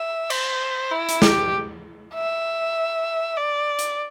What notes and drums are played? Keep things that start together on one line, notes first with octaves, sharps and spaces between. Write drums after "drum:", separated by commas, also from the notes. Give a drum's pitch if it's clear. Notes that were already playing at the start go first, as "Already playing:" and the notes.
Already playing: E5
C5, drum: cymbal
E4
drum: hi-hat
G4, drum: snare
E5
D5
drum: hi-hat